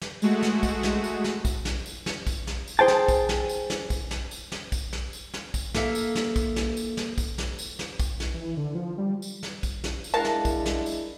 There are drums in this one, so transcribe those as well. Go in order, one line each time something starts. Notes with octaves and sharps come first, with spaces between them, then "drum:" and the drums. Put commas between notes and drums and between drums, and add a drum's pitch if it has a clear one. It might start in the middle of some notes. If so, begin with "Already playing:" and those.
drum: snare
G#3 A3 F#4, drum: tambourine
drum: snare
drum: kick, tambourine
drum: snare
drum: tambourine
drum: snare
drum: kick, tambourine
drum: snare
drum: tambourine
drum: snare
drum: kick, tambourine
drum: snare
drum: tambourine
G#4 A4 C5 G5 A5
drum: snare
drum: kick, tambourine
drum: snare
drum: tambourine
drum: snare
drum: kick, tambourine
drum: snare
drum: tambourine
drum: snare
drum: kick, tambourine
drum: snare
drum: tambourine
drum: snare
drum: kick, tambourine
A#3 A4 E5 F5, drum: snare
drum: tambourine
drum: snare
drum: kick, tambourine
drum: snare
drum: tambourine
drum: snare
drum: kick, tambourine
drum: snare
drum: tambourine
drum: snare
drum: kick, tambourine
drum: snare
E3
D3
F3
G3
drum: tambourine
drum: snare
drum: kick, tambourine
drum: snare
drum: tambourine
G#3 D4 E4 A#4 F5 F#5 A5
drum: snare
drum: kick, tambourine
drum: snare
drum: tambourine